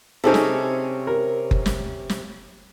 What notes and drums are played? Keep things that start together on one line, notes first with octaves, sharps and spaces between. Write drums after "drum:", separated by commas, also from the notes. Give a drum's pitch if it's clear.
C3 C4 C#4 D#4 G#4 A4
drum: snare
A#4
drum: kick F#1
drum: snare
drum: snare